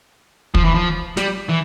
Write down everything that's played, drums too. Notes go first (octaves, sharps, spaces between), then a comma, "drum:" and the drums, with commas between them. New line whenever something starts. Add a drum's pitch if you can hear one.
F3, drum: kick
E3
F3
G3, drum: snare
E3